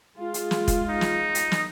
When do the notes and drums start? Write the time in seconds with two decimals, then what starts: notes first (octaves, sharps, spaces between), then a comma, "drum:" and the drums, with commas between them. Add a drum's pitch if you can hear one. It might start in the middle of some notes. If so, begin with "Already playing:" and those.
0.17 G#3 F4
0.34 drum: hi-hat
0.51 drum: snare
0.68 drum: kick, hi-hat
0.89 D#4
1.01 drum: snare
1.35 drum: hi-hat
1.52 drum: snare